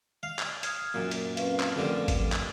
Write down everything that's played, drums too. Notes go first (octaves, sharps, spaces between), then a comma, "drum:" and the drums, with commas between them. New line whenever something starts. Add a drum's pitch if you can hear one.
F5
drum: clap
D#6 F6 G#6, drum: hi-hat
F#2 A#2
drum: hi-hat
C4 C#4 B4 F5, drum: hi-hat
drum: clap
F2 D3 G3 A3 A4 A#4
drum: kick G1, hi-hat
drum: clap